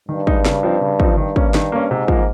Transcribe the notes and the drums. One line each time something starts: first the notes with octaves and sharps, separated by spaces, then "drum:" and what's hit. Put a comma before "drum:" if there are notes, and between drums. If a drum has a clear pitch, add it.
G2 D#3
G#3 D#4, drum: kick
C#3, drum: snare
F3 C4 D#4
C#3
F3 C4 D#4, drum: kick
G2 D#3
A#3 C#4, drum: kick
D#3, drum: snare
A#3 C#4
G#2 C3
F3 A#3, drum: kick